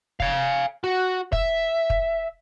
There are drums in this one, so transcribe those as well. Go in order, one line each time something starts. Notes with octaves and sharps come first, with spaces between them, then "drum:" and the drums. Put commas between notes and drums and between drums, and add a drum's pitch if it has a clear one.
F5 G#5, drum: kick
F#4
E5, drum: kick
drum: kick